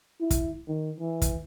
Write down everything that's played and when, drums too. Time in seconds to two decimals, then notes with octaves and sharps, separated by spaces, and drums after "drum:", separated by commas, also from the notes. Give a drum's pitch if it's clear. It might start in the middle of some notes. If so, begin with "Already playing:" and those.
0.20 E4
0.30 drum: kick, hi-hat
0.68 D#3
0.99 E3
1.22 drum: kick, hi-hat